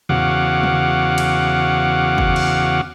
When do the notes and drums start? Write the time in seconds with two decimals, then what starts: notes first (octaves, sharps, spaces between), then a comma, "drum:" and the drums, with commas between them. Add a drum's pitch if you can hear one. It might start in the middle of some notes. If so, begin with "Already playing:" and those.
0.09 E2 C#3 F#4 F5 F#5 D6, drum: tom
0.63 drum: tom
1.18 drum: cymbal
2.18 drum: kick
2.36 drum: cymbal